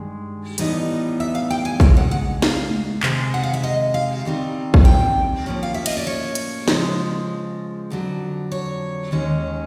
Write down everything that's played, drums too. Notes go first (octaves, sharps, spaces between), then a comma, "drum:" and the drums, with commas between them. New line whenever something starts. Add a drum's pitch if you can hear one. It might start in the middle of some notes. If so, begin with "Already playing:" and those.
Already playing: G2 D#3 G#3
A2 E3 G3 B3 D#4 D#5, drum: hi-hat
E5
F5
G5
G#5
C#3 E3 G#3 G5, drum: kick A#1
F#5
F#5
F5, drum: snare
drum: tom G#3
C3 D#3 G#3, drum: clap
F#5
F5
E5
D#5
F5
D#3 G3 C4 D#4
drum: kick A#1
G5
A2 F3 A#3 C#4
F5
E5
D#5, drum: cymbal
D5
C#5
drum: hi-hat
C#3 F3 G#3, drum: snare
F2 D3 F#3
C#5
D#2 D#3 G#3 C#4